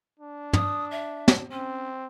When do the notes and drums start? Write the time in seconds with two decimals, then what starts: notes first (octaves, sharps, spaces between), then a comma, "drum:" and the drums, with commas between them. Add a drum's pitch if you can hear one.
0.19 D4
0.53 D#6, drum: tom
0.91 E5
1.28 drum: snare
1.51 C4 C#4